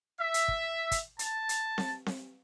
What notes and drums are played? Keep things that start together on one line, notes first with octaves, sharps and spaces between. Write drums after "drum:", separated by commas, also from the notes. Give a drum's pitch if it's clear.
E5
drum: hi-hat
drum: kick
drum: kick, hi-hat
A5, drum: hi-hat
drum: hi-hat
drum: snare C4
drum: snare C4